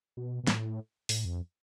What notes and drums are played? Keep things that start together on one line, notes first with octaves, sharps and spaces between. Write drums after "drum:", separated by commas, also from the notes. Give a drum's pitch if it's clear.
B2
B2
A2, drum: snare
A2, drum: open hi-hat
F2